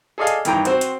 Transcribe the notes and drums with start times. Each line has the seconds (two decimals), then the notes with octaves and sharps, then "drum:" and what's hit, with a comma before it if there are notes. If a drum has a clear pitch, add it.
0.18 G#4 A4 D5 D#5 F5 G#5
0.27 drum: hi-hat
0.45 G2 D#3 E3 G5 A#5, drum: hi-hat
0.65 C4 F#4 C5, drum: hi-hat
0.81 drum: hi-hat